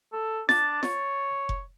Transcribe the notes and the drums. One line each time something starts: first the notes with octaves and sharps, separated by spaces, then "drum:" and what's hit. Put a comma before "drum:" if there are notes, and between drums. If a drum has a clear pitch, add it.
A4
D4 A6, drum: snare
C#5, drum: snare
drum: kick F1